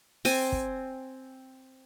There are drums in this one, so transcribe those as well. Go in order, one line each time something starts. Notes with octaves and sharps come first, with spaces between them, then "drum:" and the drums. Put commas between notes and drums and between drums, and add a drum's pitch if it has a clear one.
C4 G#5, drum: open hi-hat
drum: kick